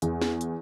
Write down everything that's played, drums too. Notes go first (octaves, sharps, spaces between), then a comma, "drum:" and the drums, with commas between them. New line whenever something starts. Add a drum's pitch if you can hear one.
E2, drum: hi-hat
drum: snare
drum: hi-hat